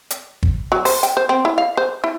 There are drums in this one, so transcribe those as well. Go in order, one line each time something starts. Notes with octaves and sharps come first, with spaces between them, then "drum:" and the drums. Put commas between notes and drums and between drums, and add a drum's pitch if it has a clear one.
drum: hi-hat
drum: kick
F#3
C5, drum: open hi-hat
G5, drum: hi-hat
C5
C4
E4
F5
C5
E4